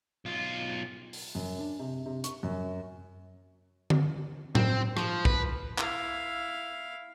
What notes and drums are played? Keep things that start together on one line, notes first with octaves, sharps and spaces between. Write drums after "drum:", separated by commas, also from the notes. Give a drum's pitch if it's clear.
B1 F4
drum: open hi-hat
F#2
D4
C3
C3
C#6, drum: hi-hat
F#2
drum: tom D3
C4, drum: tom A2
F3, drum: rim click
B4, drum: kick
E4 F5, drum: clap